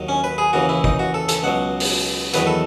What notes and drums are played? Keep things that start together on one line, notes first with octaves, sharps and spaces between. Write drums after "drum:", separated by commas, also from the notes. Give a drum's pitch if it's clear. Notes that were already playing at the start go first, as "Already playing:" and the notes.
Already playing: D#2 D#3 F#3
C#4
B4
G#4
D#2 C#3 E3 F#4
E4
D#4, drum: kick
F#4
A4
A4, drum: hi-hat
C#2 B2 F#3 F#5
drum: open hi-hat
E2 D#3 F#3 B4, drum: hi-hat
A4